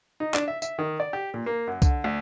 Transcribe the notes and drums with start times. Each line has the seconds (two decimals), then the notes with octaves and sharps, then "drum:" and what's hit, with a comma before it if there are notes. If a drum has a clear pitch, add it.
0.20 D#4
0.34 D4, drum: clap
0.48 E5
0.62 E5, drum: tambourine
0.79 D#3
1.00 D5
1.13 G4
1.34 A#2
1.46 A#3
1.67 F#2
1.82 D3, drum: kick C2, tambourine
2.04 D2